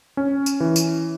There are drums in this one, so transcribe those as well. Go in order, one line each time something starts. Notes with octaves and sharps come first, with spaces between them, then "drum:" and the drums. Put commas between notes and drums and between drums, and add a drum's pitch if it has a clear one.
C#4
drum: tambourine
E3
drum: tambourine